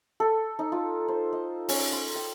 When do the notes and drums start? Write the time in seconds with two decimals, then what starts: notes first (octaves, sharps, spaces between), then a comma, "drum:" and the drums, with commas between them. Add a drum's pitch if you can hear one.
0.20 A4
0.59 D#4
0.72 F4
1.08 C5
1.33 D#5
1.69 C#4, drum: open hi-hat
1.92 C6
2.15 G5